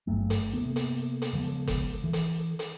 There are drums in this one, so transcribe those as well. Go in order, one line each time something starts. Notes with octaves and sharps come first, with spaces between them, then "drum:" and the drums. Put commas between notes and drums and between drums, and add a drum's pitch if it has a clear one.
G#1 G2 F#3 A3
drum: hi-hat
C3 A#3 B3
drum: hi-hat
drum: hi-hat
C#3 F3 G#3 B3
drum: kick F#1, hi-hat
E3
drum: hi-hat
drum: hi-hat